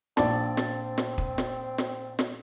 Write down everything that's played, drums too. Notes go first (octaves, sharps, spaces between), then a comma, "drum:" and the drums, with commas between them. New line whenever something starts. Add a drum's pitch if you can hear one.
A#1 C4 D5 A5, drum: snare
drum: snare
drum: snare
drum: kick
drum: snare
drum: snare
drum: snare